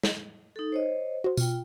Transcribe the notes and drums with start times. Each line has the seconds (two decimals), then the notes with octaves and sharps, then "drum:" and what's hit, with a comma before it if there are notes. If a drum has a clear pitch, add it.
0.03 drum: snare
0.56 D#4 A4
0.72 C5 C#5 D#5
1.24 F#4 C5
1.37 B2 F4 G5, drum: tambourine